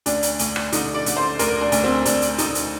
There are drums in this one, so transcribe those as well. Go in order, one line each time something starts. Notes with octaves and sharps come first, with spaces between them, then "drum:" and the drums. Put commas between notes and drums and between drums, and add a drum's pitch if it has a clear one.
D2 D4, drum: hi-hat
drum: hi-hat
D2, drum: hi-hat
drum: rim click
D3 D#4, drum: hi-hat
D5
D3, drum: hi-hat
C5
D2 A#4, drum: hi-hat
D4
D2, drum: hi-hat
C4
D2 D4, drum: hi-hat
drum: hi-hat
D2 D#4, drum: hi-hat
drum: hi-hat